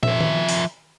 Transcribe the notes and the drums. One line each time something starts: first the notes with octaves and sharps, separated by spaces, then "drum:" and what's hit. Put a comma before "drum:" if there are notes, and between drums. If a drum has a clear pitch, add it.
F3 E5, drum: tom
drum: tom D#3
drum: open hi-hat